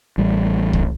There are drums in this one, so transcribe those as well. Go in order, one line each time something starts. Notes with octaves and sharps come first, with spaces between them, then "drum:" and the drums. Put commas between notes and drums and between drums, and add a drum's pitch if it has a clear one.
A1 G3
drum: kick